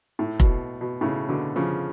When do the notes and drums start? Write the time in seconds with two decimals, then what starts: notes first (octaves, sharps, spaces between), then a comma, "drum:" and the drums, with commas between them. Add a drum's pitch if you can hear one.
0.19 A2
0.40 B2, drum: kick F1
0.81 B2
1.01 A2 C#3
1.29 B2 D3
1.56 C#3 F3